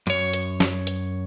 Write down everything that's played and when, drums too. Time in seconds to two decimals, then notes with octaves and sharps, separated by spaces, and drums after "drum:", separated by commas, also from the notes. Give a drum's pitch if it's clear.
0.07 F#2 C#5, drum: hi-hat
0.34 drum: hi-hat
0.60 drum: snare
0.87 drum: hi-hat